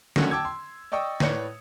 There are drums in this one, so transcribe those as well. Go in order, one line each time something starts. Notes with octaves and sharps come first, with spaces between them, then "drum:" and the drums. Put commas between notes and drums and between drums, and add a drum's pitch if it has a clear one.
D3 D#3 F#3 A3 C#4 F#4, drum: snare
G5 A5 D6 E6 G#6
C6
D5 D#5 G5 C#6 D#6 E6
A2 B4 C#5 D5 C#7, drum: snare